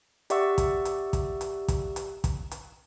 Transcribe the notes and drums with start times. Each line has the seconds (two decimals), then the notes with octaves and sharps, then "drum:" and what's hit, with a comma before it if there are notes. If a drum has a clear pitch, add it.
0.30 G4 D5 E5 F#5 C#6 E6, drum: hi-hat
0.58 drum: kick, hi-hat
0.85 drum: hi-hat
1.13 drum: kick, hi-hat
1.41 drum: hi-hat
1.68 drum: kick, hi-hat
1.96 drum: hi-hat
2.24 drum: kick, hi-hat
2.51 drum: hi-hat